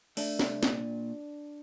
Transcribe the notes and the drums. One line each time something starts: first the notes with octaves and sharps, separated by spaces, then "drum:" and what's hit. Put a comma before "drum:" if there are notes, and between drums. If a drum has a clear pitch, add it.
A3 D4, drum: open hi-hat
C2, drum: snare
A#2, drum: snare